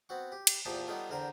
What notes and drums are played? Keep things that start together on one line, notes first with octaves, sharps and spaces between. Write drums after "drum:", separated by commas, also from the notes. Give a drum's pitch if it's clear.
B3 C4 F#4 C#6
G4
drum: cymbal
E2 A#2 F3 G4 A5 D#6
G3 B3 D#4 F4 A4 C#5
E2 D3 A#4 C5 G5 A#5